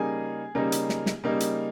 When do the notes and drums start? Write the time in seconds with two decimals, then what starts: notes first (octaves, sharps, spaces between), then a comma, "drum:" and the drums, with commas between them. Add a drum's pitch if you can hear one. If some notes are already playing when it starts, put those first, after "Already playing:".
Already playing: C#3 G3 A#3 D#4 G#4 G#5
0.55 C#3 G3 A#3 D#4
0.72 drum: hi-hat
0.89 drum: snare
1.06 drum: snare
1.24 C#3 G3 A#3 D#4
1.40 drum: hi-hat